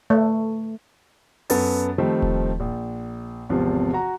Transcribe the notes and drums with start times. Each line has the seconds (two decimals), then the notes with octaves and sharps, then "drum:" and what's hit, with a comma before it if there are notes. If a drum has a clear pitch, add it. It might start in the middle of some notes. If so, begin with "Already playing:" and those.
0.10 A3
1.50 F#2 B3 A4 A6, drum: open hi-hat
1.98 D#3 F3 G3 A3 C4
2.22 drum: kick D#1
2.60 A#1
3.49 G#1 E2 C3 F3
3.93 F#4 A#5